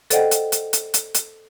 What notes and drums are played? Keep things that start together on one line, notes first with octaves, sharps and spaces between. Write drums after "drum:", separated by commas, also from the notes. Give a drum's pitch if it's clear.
A4 C5 D5 D#5 F#5 G5, drum: hi-hat
drum: hi-hat
drum: hi-hat
drum: hi-hat
drum: hi-hat
drum: hi-hat